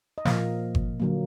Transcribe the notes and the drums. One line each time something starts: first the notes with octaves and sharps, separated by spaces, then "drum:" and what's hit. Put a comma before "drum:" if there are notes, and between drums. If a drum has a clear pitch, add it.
D#5
A#2 F3 A#3 F5, drum: snare
drum: kick G1
D3 F#3 A#3